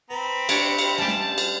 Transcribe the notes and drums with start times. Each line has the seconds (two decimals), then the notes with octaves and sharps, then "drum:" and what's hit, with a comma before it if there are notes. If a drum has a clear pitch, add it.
0.10 C4 B4 A#5 B5
0.49 D4 G4 C#5 G5 C#7, drum: cymbal
0.78 drum: cymbal
0.98 G3 C#4 G4 G#5 A5
1.08 drum: snare
1.38 drum: cymbal